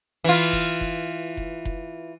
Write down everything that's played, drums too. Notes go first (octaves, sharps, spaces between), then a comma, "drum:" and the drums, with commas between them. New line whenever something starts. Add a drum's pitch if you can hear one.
E3 F4
drum: kick F1
drum: kick F1
drum: kick F1
drum: kick F1